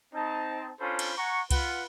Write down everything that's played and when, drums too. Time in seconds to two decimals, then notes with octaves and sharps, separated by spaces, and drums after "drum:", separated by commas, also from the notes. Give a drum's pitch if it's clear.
0.14 C4 D#4 A5
0.80 C#4 D4 F4 A4 C5 B5
0.99 drum: cymbal
1.17 F#5 G#5 A#5 C#6
1.51 F4 B4 F#5, drum: kick C2, cymbal